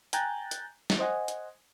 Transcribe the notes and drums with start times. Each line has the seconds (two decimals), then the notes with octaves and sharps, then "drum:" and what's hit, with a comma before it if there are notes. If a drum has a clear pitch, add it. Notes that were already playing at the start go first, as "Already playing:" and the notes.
0.13 G5 G#5 A#5 F#6 G6 A6, drum: hi-hat
0.51 drum: hi-hat
0.90 drum: snare
0.99 C5 D#5 F#5 G#5
1.28 drum: hi-hat